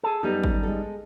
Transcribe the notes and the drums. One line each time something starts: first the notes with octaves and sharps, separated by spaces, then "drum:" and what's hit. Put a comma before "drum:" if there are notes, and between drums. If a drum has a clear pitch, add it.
G#4 A4
F#2 G3 B3 D#4 G4 A4
drum: kick G#1
G#3 A4